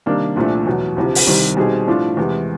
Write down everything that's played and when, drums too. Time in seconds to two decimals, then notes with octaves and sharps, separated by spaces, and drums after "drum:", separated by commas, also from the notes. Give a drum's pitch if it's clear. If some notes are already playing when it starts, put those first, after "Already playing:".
0.06 C3 D#3 G3 A#3 D4
0.36 C2 A#2 F3 A3 D4
0.66 E2 B2 F#3
0.97 D2 C3 F3
1.15 drum: open hi-hat
1.27 C2 C3 D#3 G3 C4
1.57 B2 G3 C4 D#4 G#4
1.87 A2 F3 A3 D4 F4
2.17 E2 C3 E3 G#3